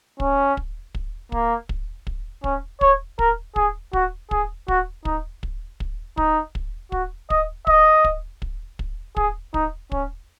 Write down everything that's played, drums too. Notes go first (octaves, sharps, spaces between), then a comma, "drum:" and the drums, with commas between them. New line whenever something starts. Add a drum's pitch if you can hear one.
C#4, drum: kick
drum: kick
drum: kick
A#3, drum: kick
drum: kick
drum: kick
C#4, drum: kick
C#5, drum: kick
A#4, drum: kick
G#4, drum: kick
F#4, drum: kick
G#4, drum: kick
F#4, drum: kick
D#4, drum: kick
drum: kick
drum: kick
D#4, drum: kick
drum: kick
F#4, drum: kick
D#5, drum: kick
D#5, drum: kick
drum: kick
drum: kick
drum: kick
G#4, drum: kick
D#4, drum: kick
C#4, drum: kick